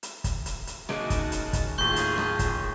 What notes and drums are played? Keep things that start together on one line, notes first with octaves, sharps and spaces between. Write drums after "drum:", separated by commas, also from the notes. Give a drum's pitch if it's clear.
drum: hi-hat
drum: kick, hi-hat
drum: hi-hat
drum: hi-hat
C#3 G#3 A#3 D#4 F#4 A5, drum: rim click
drum: kick, hi-hat
drum: hi-hat
drum: kick, hi-hat
D#2 A2 F4 G#4 C#6 G6 G7
drum: hi-hat
drum: rim click
drum: kick, hi-hat